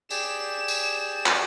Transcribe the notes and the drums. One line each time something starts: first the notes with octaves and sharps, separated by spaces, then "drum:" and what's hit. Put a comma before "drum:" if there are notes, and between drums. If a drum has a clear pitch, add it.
G4 G#4 D5 E7, drum: tambourine
drum: tambourine
drum: clap